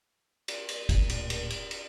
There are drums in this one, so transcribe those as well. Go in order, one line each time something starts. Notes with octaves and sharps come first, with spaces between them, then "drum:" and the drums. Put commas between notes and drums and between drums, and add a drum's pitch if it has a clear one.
drum: cymbal
drum: cymbal
D1 A#2, drum: kick G1, cymbal
drum: cymbal
drum: cymbal
drum: cymbal
drum: cymbal